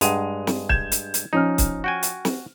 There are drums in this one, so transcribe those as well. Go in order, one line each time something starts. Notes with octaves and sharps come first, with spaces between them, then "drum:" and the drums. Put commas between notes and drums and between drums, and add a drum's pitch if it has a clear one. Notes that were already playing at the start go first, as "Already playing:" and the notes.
G2 G#3 F#5 D#7 F7, drum: hi-hat
drum: snare
G6 G#6 E7, drum: kick C#1
drum: hi-hat
drum: hi-hat
F3 C#4 D#4 F6
drum: kick C#1, hi-hat
F#4 G5 G#5
drum: hi-hat
drum: snare